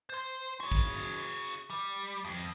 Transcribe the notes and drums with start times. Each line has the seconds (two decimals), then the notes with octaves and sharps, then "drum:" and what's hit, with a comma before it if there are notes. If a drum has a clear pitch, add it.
0.10 C5 C6
0.60 F#4 G#4
0.72 drum: kick
1.48 drum: hi-hat
1.70 G3
2.25 F2, drum: open hi-hat